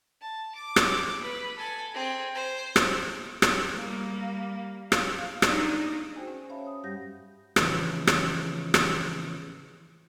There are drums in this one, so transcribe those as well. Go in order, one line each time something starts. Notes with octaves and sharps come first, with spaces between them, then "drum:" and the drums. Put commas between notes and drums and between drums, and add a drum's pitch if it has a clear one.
A5
D6
drum: rim click
B4
A4 G#5
C4 G#4
C5
drum: rim click
drum: rim click
G3 A#3
F5, drum: rim click
D4 D#4, drum: rim click
F#4 G#4 C5 G5 G#5
C#4
C#5 E5 F5 A5 B5
F5 D#6
G2 G3 G4 F#5 G6 A#6
A2 C#3 E3 F3 G#3, drum: rim click
drum: rim click
drum: rim click